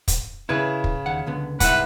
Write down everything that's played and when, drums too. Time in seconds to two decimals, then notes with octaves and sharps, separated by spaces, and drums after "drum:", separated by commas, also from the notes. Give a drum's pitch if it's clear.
0.08 drum: kick, hi-hat
0.49 C#3 E4 B4 G#6
0.84 drum: kick
1.06 D#2 F#5
1.27 C#2 D3 B3
1.60 C2 G#2 B4 E5 F#5, drum: kick, hi-hat